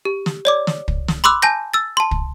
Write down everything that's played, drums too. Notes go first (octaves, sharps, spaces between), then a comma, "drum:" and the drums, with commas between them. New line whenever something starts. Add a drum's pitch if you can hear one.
G4
drum: snare
C#5 D5 D6
drum: snare
drum: kick
drum: snare
B5 C6 D6 E6 F#6
G#5 A5 G6 A#6
E6 A6
A5 C6
drum: kick